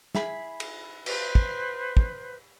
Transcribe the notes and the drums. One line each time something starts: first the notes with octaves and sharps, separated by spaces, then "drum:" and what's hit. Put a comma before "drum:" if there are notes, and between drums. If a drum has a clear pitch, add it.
E4 G#4 B5, drum: snare
drum: cymbal
B4 C5, drum: cymbal
drum: kick
drum: kick